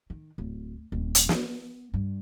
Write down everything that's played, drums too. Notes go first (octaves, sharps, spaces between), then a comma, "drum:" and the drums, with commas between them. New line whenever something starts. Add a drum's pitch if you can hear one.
D#3
D1
D#1 F2
drum: hi-hat
B3, drum: snare
G2